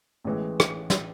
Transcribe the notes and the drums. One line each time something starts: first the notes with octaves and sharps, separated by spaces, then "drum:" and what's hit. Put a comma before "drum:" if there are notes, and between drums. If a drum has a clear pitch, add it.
A1 A2 E3 G#3
drum: rim click
drum: snare